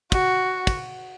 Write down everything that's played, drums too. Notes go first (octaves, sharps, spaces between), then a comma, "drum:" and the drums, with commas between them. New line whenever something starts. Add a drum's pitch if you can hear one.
F#4, drum: kick, cymbal
drum: kick, cymbal